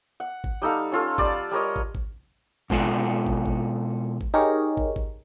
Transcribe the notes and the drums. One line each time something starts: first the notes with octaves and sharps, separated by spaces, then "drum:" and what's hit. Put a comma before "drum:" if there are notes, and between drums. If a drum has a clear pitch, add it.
F#5
drum: kick
G3 D#4 A4 F5
C#4 F4 A4
G3 D5 A5, drum: kick
G3 A#4 C#5 D#5
drum: kick
drum: kick
B2 G#3 F4 A4, drum: kick
drum: kick
drum: kick
drum: kick
D#4 G4 G#4 A#4 C#5
drum: kick
drum: kick